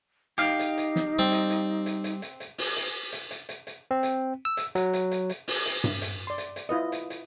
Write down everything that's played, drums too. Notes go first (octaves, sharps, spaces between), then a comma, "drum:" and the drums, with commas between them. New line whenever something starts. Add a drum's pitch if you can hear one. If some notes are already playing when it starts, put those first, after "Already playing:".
D#4 G4 F5
drum: hi-hat
drum: hi-hat
drum: snare
G3 C4
drum: hi-hat
drum: hi-hat
drum: hi-hat
drum: hi-hat
drum: hi-hat
drum: hi-hat
drum: open hi-hat
drum: hi-hat
drum: hi-hat
drum: hi-hat
drum: hi-hat
drum: hi-hat
C4
drum: hi-hat
E6
drum: hi-hat
F#3, drum: hi-hat
drum: hi-hat
drum: hi-hat
drum: hi-hat
drum: open hi-hat
drum: hi-hat
drum: tom G2
drum: hi-hat
D5 C6
drum: hi-hat
drum: hi-hat
E4 F4 B4 D#5
drum: hi-hat
drum: hi-hat